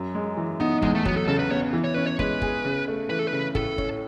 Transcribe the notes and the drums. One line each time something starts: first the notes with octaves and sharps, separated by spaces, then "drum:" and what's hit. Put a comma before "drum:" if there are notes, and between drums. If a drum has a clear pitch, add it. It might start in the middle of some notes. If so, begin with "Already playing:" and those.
Already playing: F#2
G#3
E3
B3 D#4
E2 G#3, drum: kick
A3
F#3 B3, drum: kick
A4
C#3 A4
B4
B3 C#5
E3
C#5
C#4 B4
C#5
G#3 B4, drum: kick
G#4, drum: kick
C#3
A3
E3 B4
A4
B4
C#3
A2 A4, drum: kick
C#4, drum: kick